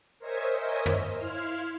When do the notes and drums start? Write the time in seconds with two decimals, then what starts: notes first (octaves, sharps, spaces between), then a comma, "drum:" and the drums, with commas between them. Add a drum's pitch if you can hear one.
0.19 A#4 C5 C#5 D#5 E5 G#5
0.86 drum: tom
1.17 E4 F5 C6 F6 G#6